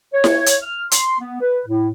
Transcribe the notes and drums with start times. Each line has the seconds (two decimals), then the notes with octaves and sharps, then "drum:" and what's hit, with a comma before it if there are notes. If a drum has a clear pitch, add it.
0.13 C#5
0.24 drum: snare E4
0.46 drum: hi-hat
0.62 F6
0.91 C6, drum: hi-hat
1.19 B3
1.40 B4
1.66 A2